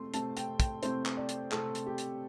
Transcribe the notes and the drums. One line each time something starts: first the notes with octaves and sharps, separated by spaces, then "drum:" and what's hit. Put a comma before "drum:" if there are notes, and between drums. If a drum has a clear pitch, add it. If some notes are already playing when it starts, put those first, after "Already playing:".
Already playing: C3 A3 C4 C6
C3 A3 C4 A5, drum: hi-hat
G5, drum: hi-hat
G5, drum: kick, hi-hat
C3 A3 C4 C5, drum: hi-hat
drum: clap
D5
drum: hi-hat
C3 A3 C4 A4, drum: clap
drum: hi-hat
G4
drum: hi-hat